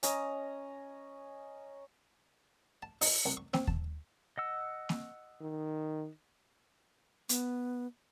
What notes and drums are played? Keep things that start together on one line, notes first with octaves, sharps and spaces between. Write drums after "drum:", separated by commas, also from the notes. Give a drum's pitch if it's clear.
C#4 D#5 A#5, drum: hi-hat
A5
D#4, drum: open hi-hat
C2
C#6
C4, drum: snare A#3
A5, drum: kick D#2
D#5 F#5 E6
drum: snare A#3
D#3
B3, drum: hi-hat